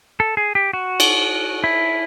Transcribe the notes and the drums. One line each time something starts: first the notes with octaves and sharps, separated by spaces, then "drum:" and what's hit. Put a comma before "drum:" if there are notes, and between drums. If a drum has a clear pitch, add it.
A4
G#4
G4
F#4
drum: cymbal
E4